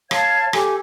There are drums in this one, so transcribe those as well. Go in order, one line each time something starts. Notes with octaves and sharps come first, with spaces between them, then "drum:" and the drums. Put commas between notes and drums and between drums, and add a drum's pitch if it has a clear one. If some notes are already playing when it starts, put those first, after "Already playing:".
C#5 F5 A5 G#6, drum: rim click
G4 A4 G#5, drum: rim click